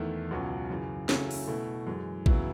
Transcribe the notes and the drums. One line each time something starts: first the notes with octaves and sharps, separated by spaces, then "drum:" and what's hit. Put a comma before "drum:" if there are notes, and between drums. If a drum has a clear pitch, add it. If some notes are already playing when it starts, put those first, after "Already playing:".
Already playing: E2 D#3 A3 E4
C#2 B2 F#3 C#4
F#2 C#3 E3
C#3 F#3 A3 C#4 E4, drum: snare
drum: open hi-hat
B2 A3 E4
F#2 E3 G#3
C#3 F#3 B3 E4, drum: kick A1